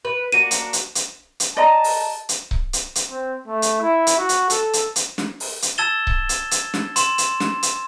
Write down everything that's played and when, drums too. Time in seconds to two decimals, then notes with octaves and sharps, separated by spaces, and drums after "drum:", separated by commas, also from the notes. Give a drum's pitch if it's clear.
0.05 B4
0.32 A#3 D4 F#4 D#7
0.51 drum: hi-hat
0.73 drum: hi-hat
0.95 drum: hi-hat
1.40 drum: hi-hat
1.57 D5 D#5 A5 A#5
1.84 drum: open hi-hat
2.29 drum: hi-hat
2.51 drum: kick C#1
2.73 drum: hi-hat
2.95 drum: hi-hat
3.10 C4
3.48 A3
3.62 drum: hi-hat
3.81 E4
4.07 drum: hi-hat
4.18 F#4
4.29 drum: hi-hat
4.50 A4, drum: hi-hat
4.73 drum: hi-hat
4.96 drum: hi-hat
5.18 drum: snare
5.40 drum: open hi-hat
5.62 drum: hi-hat
5.78 A5 E6 G#6 A6 E7 G7
6.07 drum: kick C#1
6.29 drum: hi-hat
6.51 drum: hi-hat
6.74 drum: snare
6.96 C6 E7, drum: hi-hat
7.18 drum: hi-hat
7.40 drum: snare
7.63 drum: hi-hat